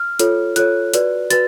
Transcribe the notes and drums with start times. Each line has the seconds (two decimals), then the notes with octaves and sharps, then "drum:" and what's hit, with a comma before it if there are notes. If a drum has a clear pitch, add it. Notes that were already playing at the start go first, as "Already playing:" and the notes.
Already playing: F6
0.19 F4 A4 C#5, drum: hi-hat
0.56 F4 A4 C#5 F#6, drum: hi-hat
0.94 F#4 B4 D5, drum: hi-hat
1.30 F#4 B4 A6, drum: hi-hat